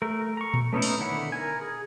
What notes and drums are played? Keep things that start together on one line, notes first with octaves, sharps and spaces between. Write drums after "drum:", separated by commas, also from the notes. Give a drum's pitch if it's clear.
A3 A#4
A#5 C#6
drum: tom A#2
A3 B3 C#4 D#4 E4
drum: open hi-hat
D3 D#3 E4 F#5 B5
A#4 G#5
G#4